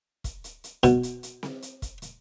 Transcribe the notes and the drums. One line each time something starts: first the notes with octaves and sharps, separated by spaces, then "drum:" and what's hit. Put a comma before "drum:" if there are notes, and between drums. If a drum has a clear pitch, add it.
drum: kick, hi-hat
drum: hi-hat
drum: hi-hat
B2, drum: kick, hi-hat
drum: hi-hat
drum: hi-hat
drum: snare C4
drum: hi-hat
drum: kick, hi-hat
drum: hi-hat